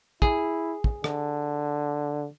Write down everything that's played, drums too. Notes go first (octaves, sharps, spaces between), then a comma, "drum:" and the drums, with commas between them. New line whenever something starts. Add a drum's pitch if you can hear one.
E4 G#4, drum: kick
drum: kick
D3, drum: rim click